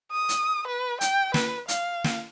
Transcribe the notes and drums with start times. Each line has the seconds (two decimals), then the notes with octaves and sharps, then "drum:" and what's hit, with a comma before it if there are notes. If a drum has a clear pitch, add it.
0.12 D#6
0.29 drum: hi-hat
0.67 B4
1.01 G5, drum: hi-hat
1.34 B4, drum: snare
1.68 F5, drum: hi-hat
2.04 drum: snare